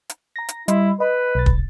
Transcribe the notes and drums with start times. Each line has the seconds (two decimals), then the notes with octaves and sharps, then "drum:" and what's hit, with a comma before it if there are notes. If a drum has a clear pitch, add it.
0.09 drum: hi-hat
0.36 A#5 A#6
0.49 drum: hi-hat
0.68 G3 E4 D#5 C6, drum: hi-hat
1.00 B4 D#5
1.35 B1 A6
1.46 drum: kick